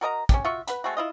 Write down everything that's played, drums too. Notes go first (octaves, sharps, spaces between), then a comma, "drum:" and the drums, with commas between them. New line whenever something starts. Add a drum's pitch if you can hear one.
F#4 A#4 D#5 A#5
C#4 D4 G4, drum: kick, hi-hat
F4 F#4 E5 C#6
B4 F#5 B5, drum: hi-hat
G#3 A3 C4 F#4
E4 F4 D#5